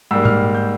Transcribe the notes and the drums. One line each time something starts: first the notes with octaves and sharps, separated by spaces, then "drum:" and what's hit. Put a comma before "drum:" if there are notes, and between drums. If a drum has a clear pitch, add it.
G#2 G3 A#3 E6
F6, drum: tom G#2
F6
G6